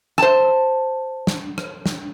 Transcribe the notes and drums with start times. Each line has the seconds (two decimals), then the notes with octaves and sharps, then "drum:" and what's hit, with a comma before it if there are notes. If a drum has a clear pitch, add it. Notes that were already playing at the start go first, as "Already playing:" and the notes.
0.18 C5 A5, drum: rim click
1.27 drum: snare
1.58 drum: rim click
1.86 drum: snare